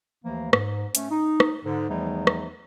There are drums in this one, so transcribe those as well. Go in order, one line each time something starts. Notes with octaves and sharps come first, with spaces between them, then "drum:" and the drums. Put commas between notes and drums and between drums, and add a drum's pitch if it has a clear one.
D#2 E3 F3 A3 A#3
G#2, drum: rim click
A3 C#4, drum: hi-hat
D#4
drum: rim click
G#2 D3
E2 E3 F3 G3 A3 D#4
drum: rim click